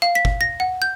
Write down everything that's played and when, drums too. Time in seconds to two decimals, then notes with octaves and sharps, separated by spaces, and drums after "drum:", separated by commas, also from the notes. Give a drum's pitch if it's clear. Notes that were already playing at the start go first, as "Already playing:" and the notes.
0.02 F5
0.15 B6
0.25 drum: kick
0.41 A#6
0.60 F#5
0.82 G6